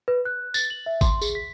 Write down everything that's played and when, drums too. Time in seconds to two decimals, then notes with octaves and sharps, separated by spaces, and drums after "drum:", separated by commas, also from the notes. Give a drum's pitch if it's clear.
0.08 B4
0.25 F#6
0.54 A6, drum: tambourine
0.70 F#7
0.86 E5
1.01 C6, drum: kick G#1, tambourine
1.22 G#4, drum: tambourine
1.35 B6